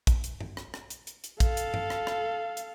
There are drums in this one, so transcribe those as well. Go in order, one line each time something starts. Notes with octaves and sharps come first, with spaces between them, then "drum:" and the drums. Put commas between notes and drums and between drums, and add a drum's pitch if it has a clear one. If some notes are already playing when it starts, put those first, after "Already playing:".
drum: kick, hi-hat
drum: hi-hat
drum: tom G2
drum: rim click
drum: rim click
drum: hi-hat
drum: hi-hat
drum: hi-hat
A4 F5, drum: kick, hi-hat
drum: hi-hat
drum: tom G2
drum: rim click
drum: rim click
drum: hi-hat